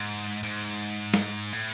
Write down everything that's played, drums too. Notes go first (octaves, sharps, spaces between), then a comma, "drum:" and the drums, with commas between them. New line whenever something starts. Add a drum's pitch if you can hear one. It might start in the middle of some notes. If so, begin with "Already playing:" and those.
Already playing: G#2
G#2
drum: snare
A2